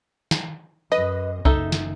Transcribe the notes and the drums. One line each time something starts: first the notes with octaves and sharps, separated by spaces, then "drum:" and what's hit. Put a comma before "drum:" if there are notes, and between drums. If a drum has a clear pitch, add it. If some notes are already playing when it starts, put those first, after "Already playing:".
drum: snare
F#2 B4 D#5
F#1 D#4 A4 E5, drum: kick C2
drum: snare